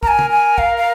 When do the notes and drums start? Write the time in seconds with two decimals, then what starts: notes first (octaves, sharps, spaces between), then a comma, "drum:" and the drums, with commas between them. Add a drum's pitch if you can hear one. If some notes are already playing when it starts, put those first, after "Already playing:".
0.03 A#4 G#5 A#5, drum: kick
0.19 drum: tom C#3
0.30 G#5
0.58 F5, drum: kick
0.77 F5